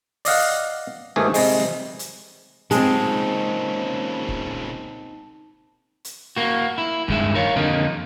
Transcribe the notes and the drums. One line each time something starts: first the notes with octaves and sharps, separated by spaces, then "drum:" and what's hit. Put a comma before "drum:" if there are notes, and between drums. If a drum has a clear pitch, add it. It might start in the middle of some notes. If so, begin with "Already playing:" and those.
D5 D#5 F5 F#5, drum: open hi-hat
D#2 G#2 D#3 E3 A3 G#4
C3 G3 G#3, drum: open hi-hat
drum: snare
drum: hi-hat
A#2 C#3 G#3 C4 D#4 A5, drum: hi-hat
drum: kick
drum: hi-hat
A#3 F#4
E4
G2 D#3 G#3 E5, drum: kick
A#4 C#5 F5
F2 D3 D#3 A#3 D#4